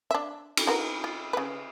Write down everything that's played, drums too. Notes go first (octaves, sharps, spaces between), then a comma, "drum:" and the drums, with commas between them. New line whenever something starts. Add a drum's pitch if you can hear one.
D4 E5
drum: cymbal
F#4 A#4 B4
F4
C#3 B4